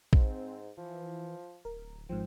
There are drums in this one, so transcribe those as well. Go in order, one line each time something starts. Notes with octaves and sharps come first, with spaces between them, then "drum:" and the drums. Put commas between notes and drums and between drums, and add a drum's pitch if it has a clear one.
G#2 C4, drum: kick A#1
E3 F3
D1 A#4
G#1 G#2 F3 C4